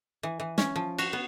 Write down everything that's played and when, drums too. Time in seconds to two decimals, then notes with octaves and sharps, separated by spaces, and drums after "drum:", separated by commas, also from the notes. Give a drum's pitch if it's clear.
0.23 E3
0.40 E3
0.58 C#4, drum: snare
0.76 F3
0.98 F#4, drum: cymbal
1.13 B3